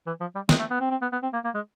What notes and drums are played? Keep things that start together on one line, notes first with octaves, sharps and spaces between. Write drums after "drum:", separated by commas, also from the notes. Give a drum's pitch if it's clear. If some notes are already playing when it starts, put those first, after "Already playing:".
E3
F3
G3
G#3, drum: snare
A3
B3
C4
C4
B3
B3
C4
A#3
A#3
G#3